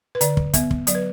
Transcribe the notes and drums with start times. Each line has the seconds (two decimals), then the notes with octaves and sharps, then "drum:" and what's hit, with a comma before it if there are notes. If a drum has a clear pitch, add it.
0.15 B4
0.21 D3 D5, drum: hi-hat
0.37 drum: kick
0.54 B3 E5, drum: kick, hi-hat
0.71 drum: kick
0.87 F#3 D5, drum: hi-hat
0.95 B4